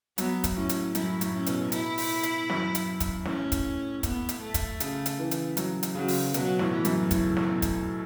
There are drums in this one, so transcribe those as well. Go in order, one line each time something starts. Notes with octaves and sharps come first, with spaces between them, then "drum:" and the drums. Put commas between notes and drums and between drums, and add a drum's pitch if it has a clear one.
F#3 B3, drum: hi-hat
drum: kick, hi-hat
A2 C#4
drum: hi-hat
F#2 E4, drum: hi-hat
A2, drum: hi-hat
C#4
B2, drum: hi-hat
E4, drum: hi-hat
drum: open hi-hat
drum: hi-hat
F#2, drum: snare
drum: hi-hat
drum: kick, hi-hat
A2 C#4, drum: snare
drum: kick, hi-hat
B3, drum: kick, hi-hat
drum: hi-hat
A3
drum: kick, hi-hat
C#3, drum: hi-hat
drum: hi-hat
E3
drum: hi-hat
F#3, drum: hi-hat
drum: hi-hat
C#3 F#3
drum: open hi-hat
B2 F#3, drum: hi-hat
A2, drum: snare
E3
F#2, drum: hi-hat
A2 C#3, drum: kick, hi-hat
drum: snare
B2
drum: kick, hi-hat